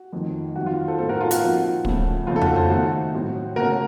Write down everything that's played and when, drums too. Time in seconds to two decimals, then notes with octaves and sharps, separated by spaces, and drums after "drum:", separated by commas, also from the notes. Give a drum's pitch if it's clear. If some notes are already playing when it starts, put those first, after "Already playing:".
Already playing: F#4
0.12 F2 D#3 A3
0.56 F2 D#3 F#3 F#4
0.66 F4
0.88 A4 C5
0.98 A2 A3 D#4 A4 C5
1.09 F#4 A#4
1.20 F4 A4
1.31 F#4, drum: hi-hat
1.41 A#2 F3 C4 D#4 F#4
1.85 C#3 F3 A3, drum: kick
2.27 F2 C#3 A3 C4 D#4 F4
2.36 A4
2.41 F#4, drum: tom F2
2.56 A4 C5
2.70 D#3 A3 D#4 F#4
3.14 A2 F#3 C4
3.56 C#3 A3 C#4 F#4 A#4